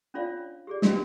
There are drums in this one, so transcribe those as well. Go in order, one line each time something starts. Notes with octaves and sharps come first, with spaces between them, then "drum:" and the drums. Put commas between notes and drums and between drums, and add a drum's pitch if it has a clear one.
C#4 D4 F4 C#5 D5 F5
G4 G#4 D5
C#4 F#4 G4 A#4, drum: snare